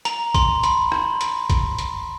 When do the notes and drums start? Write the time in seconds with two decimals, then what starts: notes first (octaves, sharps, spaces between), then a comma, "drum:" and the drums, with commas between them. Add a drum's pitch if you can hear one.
0.05 A#5, drum: hi-hat
0.35 C6, drum: kick, hi-hat
0.63 B5, drum: hi-hat
0.92 drum: rim click
1.21 drum: hi-hat
1.50 drum: kick, hi-hat
1.79 drum: hi-hat